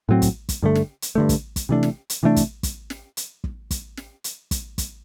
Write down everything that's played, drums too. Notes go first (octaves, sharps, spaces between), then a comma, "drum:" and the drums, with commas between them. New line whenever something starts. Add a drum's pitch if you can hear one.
A2 F#3 C4
drum: kick, hi-hat
drum: kick, hi-hat
G2 D3 A3
drum: snare
drum: hi-hat
G2 D3 A3
drum: kick, hi-hat
drum: kick, hi-hat
C3 E3 A3 D4
drum: snare
drum: hi-hat
C3 E3 A3 D4
drum: kick, hi-hat
drum: kick, hi-hat
drum: snare
drum: hi-hat
drum: kick
drum: kick, hi-hat
drum: snare
drum: hi-hat
drum: kick, hi-hat
drum: kick, hi-hat